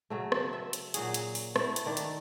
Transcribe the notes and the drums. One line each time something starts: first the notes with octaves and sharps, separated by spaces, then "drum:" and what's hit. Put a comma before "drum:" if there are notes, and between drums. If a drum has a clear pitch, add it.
C#3 F#3 A3
drum: rim click
E5
drum: hi-hat
A#2 F#3 F#4 G#4, drum: hi-hat
drum: hi-hat
drum: open hi-hat
A3 E4, drum: rim click
drum: hi-hat
D#3 D4
drum: hi-hat